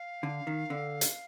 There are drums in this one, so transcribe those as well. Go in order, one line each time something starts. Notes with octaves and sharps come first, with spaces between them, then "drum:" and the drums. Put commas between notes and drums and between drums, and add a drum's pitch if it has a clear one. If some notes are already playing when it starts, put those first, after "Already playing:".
Already playing: F5
D3
D#3
D3
drum: hi-hat